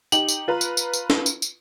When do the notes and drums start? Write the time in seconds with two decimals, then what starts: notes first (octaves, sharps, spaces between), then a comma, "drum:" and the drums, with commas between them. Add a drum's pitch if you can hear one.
0.12 D#4 G4 F#7, drum: tambourine
0.28 drum: tambourine
0.48 F4 B4 A#5
0.61 drum: tambourine
0.77 drum: tambourine
0.93 drum: tambourine
1.10 drum: snare C#4
1.26 drum: tambourine
1.42 drum: tambourine